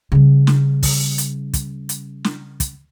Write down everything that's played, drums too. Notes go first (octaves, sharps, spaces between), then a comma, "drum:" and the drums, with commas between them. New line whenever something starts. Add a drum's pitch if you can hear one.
C#3 G3
drum: snare
drum: kick, open hi-hat
drum: hi-hat
drum: kick, hi-hat
drum: hi-hat
drum: snare
drum: kick, hi-hat